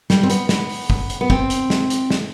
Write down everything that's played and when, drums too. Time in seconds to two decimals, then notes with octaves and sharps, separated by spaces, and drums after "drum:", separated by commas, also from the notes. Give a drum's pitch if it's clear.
0.10 G3, drum: snare
0.23 C4
0.30 B3, drum: hi-hat
0.49 B3, drum: snare
0.70 drum: open hi-hat
0.90 drum: kick
1.10 drum: hi-hat
1.21 B3
1.30 C4, drum: kick
1.50 drum: hi-hat
1.70 drum: snare
1.90 drum: hi-hat
2.10 drum: snare